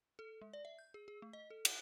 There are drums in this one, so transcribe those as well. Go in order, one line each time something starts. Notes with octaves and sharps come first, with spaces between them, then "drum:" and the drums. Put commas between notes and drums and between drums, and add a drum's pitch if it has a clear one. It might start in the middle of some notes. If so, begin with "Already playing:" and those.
A4
G#3
D5
E5
G6
G#4
G#4
A3
D#5
A4
F#5, drum: cymbal